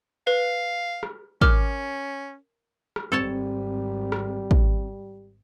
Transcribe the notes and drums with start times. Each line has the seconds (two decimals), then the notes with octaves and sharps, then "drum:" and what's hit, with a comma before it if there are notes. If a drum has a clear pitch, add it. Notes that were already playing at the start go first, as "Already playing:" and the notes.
0.27 B4 F5
1.03 drum: rim click
1.41 C#4 A#4 D6 F6, drum: kick
2.96 drum: rim click
3.12 G#1 G#2 G3 C4 A4 C#5 A5
4.12 drum: rim click
4.51 drum: kick